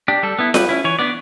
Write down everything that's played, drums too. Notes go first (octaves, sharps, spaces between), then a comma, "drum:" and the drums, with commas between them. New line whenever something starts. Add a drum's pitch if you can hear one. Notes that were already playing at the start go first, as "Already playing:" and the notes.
D4 G4
G3 A4
B3 E4
G3 B4, drum: snare F4
C#4 E4
E3 C#5
B3 D4 D5